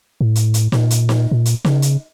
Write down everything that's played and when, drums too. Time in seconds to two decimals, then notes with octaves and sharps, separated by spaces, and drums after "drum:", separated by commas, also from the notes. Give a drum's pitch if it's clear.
0.21 A2
0.36 drum: hi-hat
0.54 drum: hi-hat
0.72 A#2, drum: snare
0.91 drum: hi-hat
1.09 drum: snare
1.31 A#2
1.46 drum: hi-hat
1.65 C#3, drum: snare
1.82 drum: hi-hat